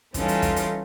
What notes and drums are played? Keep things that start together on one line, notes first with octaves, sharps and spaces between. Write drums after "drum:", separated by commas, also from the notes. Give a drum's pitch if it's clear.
E3 G3 C#4 D#4 F4 A4, drum: kick, hi-hat
drum: hi-hat
drum: kick, hi-hat
drum: hi-hat